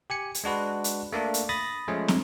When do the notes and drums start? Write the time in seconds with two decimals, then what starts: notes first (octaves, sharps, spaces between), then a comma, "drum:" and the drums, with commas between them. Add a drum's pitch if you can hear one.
0.10 G4 G#5 C#7
0.35 drum: hi-hat
0.44 G#3 D4 F#4 B4
0.84 drum: hi-hat
1.12 A3 A#3 D4
1.34 drum: hi-hat
1.49 B5 D#6 A6 A#6
1.88 F3 G#3 A3 C#4
2.08 drum: snare